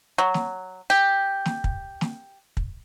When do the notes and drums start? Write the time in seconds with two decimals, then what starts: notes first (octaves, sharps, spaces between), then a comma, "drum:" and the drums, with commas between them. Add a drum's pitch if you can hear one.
0.18 F#3
0.34 drum: snare
0.90 G4
1.46 drum: snare
1.64 drum: kick
2.01 drum: snare
2.57 drum: kick